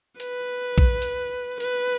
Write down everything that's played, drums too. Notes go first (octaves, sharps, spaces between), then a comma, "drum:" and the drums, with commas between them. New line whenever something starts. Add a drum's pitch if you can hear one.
B4, drum: hi-hat
drum: kick A#1
drum: hi-hat
B4, drum: hi-hat